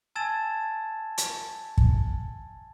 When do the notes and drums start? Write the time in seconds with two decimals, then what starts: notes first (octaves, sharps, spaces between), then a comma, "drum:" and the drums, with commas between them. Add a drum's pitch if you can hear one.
0.15 G#5 A5 E6 G#6 A6 E7
1.18 drum: hi-hat
1.78 drum: kick